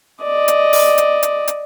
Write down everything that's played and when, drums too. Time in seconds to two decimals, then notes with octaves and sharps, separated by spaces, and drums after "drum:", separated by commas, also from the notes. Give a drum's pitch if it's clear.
0.23 D5 D#5
0.48 drum: hi-hat
0.73 drum: open hi-hat
0.98 drum: hi-hat
1.23 drum: hi-hat
1.48 drum: hi-hat